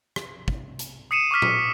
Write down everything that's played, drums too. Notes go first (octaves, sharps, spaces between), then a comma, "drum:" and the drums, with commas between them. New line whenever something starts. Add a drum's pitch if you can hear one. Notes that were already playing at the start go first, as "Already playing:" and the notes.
drum: rim click
drum: kick
drum: hi-hat
D#6 C7 C#7 D#7 E7
C#6 D6 F6 B6
drum: tom A#2